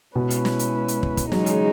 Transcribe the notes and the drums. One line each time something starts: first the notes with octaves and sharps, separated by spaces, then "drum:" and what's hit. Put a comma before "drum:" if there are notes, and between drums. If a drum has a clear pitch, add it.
B2 G#3 C#4 E4 B4
drum: hi-hat
drum: snare
drum: hi-hat
drum: hi-hat
drum: kick
drum: kick, hi-hat
C#3 E3 F#3 G#3 D#4, drum: snare
drum: hi-hat